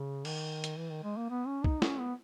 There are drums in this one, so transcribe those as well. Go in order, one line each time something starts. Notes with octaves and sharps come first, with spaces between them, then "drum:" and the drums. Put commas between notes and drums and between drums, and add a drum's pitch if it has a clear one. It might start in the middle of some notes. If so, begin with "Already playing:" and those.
Already playing: C#3
D#3, drum: cymbal
drum: hi-hat
E3
D#3
G#3
A#3
B3
C#4
D#4, drum: kick C2
C#4, drum: snare
B3